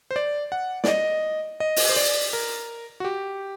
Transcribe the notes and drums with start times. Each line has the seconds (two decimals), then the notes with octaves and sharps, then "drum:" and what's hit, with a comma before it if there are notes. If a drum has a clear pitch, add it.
0.11 C5
0.16 D5
0.52 F#5
0.84 D5, drum: snare
0.88 D#5
1.60 D#5
1.76 drum: open hi-hat
1.89 C5
1.96 D5
2.33 A#4
3.00 F#4
3.05 G4